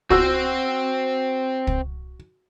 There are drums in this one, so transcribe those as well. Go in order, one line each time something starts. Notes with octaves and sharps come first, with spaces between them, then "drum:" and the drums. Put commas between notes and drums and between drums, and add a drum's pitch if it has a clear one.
C4 F#4 C5 E6, drum: kick
drum: kick